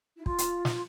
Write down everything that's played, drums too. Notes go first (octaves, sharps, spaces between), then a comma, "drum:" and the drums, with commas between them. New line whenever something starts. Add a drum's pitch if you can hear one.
E4
F4, drum: kick
drum: hi-hat
drum: snare